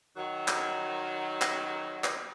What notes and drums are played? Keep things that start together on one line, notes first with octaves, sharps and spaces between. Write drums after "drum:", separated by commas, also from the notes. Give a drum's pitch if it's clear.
D#3 F#3
drum: clap
drum: clap
drum: clap